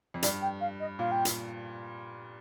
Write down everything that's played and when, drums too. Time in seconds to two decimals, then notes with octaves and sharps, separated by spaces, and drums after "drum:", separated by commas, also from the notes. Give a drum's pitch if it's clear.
0.14 F2
0.23 G2 D5, drum: hi-hat
0.42 G5
0.61 F5
0.80 D#5
0.99 A#2 F5
1.11 G5
1.25 drum: hi-hat